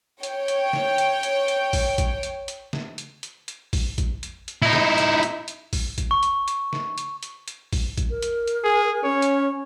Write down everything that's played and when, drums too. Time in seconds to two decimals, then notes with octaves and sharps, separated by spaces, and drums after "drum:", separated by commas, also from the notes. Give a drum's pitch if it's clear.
0.23 C#5 G5, drum: hi-hat
0.48 drum: hi-hat
0.73 drum: snare
0.98 drum: hi-hat
1.23 drum: hi-hat
1.48 drum: hi-hat
1.73 drum: kick, open hi-hat
1.98 drum: kick, hi-hat
2.23 drum: hi-hat
2.48 drum: hi-hat
2.73 drum: snare
2.98 drum: hi-hat
3.23 drum: hi-hat
3.48 drum: hi-hat
3.73 drum: kick, open hi-hat
3.98 drum: kick, hi-hat
4.23 drum: hi-hat
4.48 drum: hi-hat
4.62 D#4 E4
4.73 drum: snare
4.98 drum: hi-hat
5.23 drum: hi-hat
5.48 drum: hi-hat
5.73 drum: kick, open hi-hat
5.98 drum: kick, hi-hat
6.11 C#6
6.23 drum: hi-hat
6.48 drum: hi-hat
6.73 drum: snare
6.98 drum: hi-hat
7.23 drum: hi-hat
7.48 drum: hi-hat
7.73 drum: kick, open hi-hat
7.98 drum: kick, hi-hat
8.10 A#4
8.22 drum: hi-hat
8.47 drum: hi-hat
8.64 G#4
9.04 C#4 C#5
9.22 drum: hi-hat